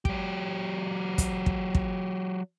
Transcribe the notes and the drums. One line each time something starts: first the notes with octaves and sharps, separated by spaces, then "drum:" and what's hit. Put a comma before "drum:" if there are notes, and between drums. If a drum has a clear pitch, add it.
F#3 G4, drum: kick
drum: kick, hi-hat
drum: kick
drum: kick